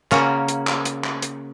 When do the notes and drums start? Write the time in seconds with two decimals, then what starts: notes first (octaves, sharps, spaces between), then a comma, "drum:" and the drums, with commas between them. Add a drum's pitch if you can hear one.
0.11 C#3 A#3 C#4 F#4, drum: clap
0.48 drum: hi-hat
0.67 drum: clap
0.85 drum: hi-hat
1.04 drum: clap
1.22 drum: hi-hat